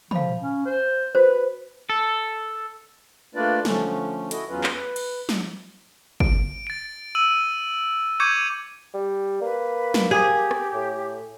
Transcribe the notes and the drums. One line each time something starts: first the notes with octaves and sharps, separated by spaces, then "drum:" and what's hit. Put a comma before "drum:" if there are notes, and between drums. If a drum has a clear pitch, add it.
F3 F5 B5, drum: tom
C#4
C5
F#4 B4 C5
A4
A3 A#3 D4 F4 B4 D5
D3 F3 A3 C#4, drum: snare
E4 F#4 D#5, drum: hi-hat
E2 F#3 C#4 F4 B4
drum: clap
B4
drum: cymbal
drum: snare
D7, drum: kick
A6 D7
E6 D#7 F#7
C#6 D6 G6 G#6 C#7 D#7
G3
A#3 B4
drum: snare
G4 G#4
drum: rim click
A2